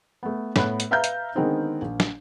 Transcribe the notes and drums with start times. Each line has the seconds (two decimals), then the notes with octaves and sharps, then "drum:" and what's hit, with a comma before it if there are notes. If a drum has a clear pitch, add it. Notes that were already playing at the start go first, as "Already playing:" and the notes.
0.23 A3 B3
0.56 A2 B3 F#6, drum: snare
0.80 drum: hi-hat
0.91 B4 E5 F5 A#5 F6 G6
1.04 drum: hi-hat
1.35 D3 D#3 G#3 B3 C4 D#4
1.82 A#1
2.00 drum: snare